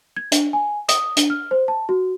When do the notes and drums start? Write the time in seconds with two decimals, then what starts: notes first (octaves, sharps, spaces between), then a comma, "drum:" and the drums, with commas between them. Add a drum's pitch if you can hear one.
0.16 G#6
0.32 D4, drum: hi-hat
0.53 G#5
0.88 D#6, drum: hi-hat
1.17 D4, drum: hi-hat
1.30 F6
1.51 C5
1.68 A5
1.89 F#4